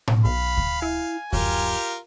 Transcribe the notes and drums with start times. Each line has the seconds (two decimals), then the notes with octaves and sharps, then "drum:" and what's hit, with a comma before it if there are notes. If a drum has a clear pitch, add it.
0.08 drum: tom A2
0.25 B1 F5 B5
0.57 drum: kick D2
0.82 E4 G#5
1.33 F#2 F4 G4 A#4, drum: kick D2